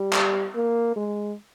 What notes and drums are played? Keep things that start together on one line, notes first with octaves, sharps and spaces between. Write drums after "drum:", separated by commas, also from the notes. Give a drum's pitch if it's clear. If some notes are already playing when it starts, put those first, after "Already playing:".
Already playing: G3
drum: clap
A#3
G#3